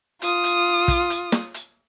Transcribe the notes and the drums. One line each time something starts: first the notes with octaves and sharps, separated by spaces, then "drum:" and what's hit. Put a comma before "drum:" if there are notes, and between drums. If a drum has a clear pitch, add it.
F4 D#6, drum: hi-hat
drum: hi-hat
drum: kick, hi-hat
drum: hi-hat
drum: snare
drum: hi-hat